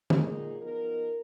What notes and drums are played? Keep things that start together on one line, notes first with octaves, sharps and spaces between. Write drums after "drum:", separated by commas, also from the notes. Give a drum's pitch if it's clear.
A#2 F#3 A#3 D#4 G#4, drum: tom
F3 B3 D#4 A#4